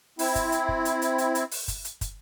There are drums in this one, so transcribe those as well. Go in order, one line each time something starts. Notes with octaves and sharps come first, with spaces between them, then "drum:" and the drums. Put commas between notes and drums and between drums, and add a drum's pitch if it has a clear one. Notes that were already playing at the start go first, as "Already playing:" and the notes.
C4 E4, drum: open hi-hat
drum: kick, hi-hat
drum: hi-hat
drum: kick
drum: hi-hat
drum: hi-hat
drum: hi-hat
drum: hi-hat
drum: open hi-hat
drum: kick, hi-hat
drum: hi-hat
drum: kick, hi-hat